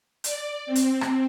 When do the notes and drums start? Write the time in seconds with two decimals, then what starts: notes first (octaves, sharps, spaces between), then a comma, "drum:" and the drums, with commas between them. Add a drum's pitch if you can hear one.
0.24 D5, drum: hi-hat
0.66 C4
0.75 drum: hi-hat
1.01 drum: rim click